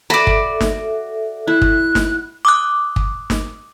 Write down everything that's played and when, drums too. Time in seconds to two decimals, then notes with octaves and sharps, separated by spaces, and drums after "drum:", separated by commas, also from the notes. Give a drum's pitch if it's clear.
0.10 F#4 A4 D5 E5 B5
0.27 drum: kick
0.61 drum: snare
1.48 E4 F#6
1.62 drum: kick
1.95 drum: snare
2.45 D6 D#6 F#6
2.96 drum: kick
3.30 drum: snare